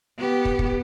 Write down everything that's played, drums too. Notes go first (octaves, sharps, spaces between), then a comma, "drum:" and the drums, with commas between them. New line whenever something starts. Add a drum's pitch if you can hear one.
B3 G4
drum: kick
drum: kick